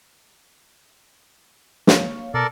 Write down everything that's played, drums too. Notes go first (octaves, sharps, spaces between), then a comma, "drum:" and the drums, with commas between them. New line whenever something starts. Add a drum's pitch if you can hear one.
A#3 C#5 F5, drum: snare
B2 A4 A#4 D5